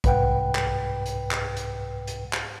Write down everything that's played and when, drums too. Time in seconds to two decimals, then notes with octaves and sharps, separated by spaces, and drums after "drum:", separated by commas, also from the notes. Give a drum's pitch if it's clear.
0.04 C2 G#2 B4 F#5 G5, drum: kick A#1, hi-hat
0.55 drum: clap
1.06 drum: hi-hat
1.31 drum: clap
1.57 drum: hi-hat
2.07 drum: hi-hat
2.33 drum: clap